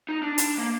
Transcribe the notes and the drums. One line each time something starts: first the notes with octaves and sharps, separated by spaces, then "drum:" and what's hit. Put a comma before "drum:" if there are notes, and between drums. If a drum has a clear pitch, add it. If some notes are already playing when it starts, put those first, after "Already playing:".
D#4
D4
drum: hi-hat
A#3